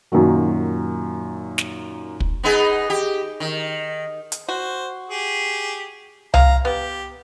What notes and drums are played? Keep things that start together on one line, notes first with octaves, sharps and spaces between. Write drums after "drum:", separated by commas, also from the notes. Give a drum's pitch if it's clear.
F#2 A#2 D#3 F#3
drum: snare
drum: kick
B3 D#4 G#4
G4
D#3
drum: hi-hat
F#4 C5
G4 G#4
F5 A#5, drum: tom C2
B3 G4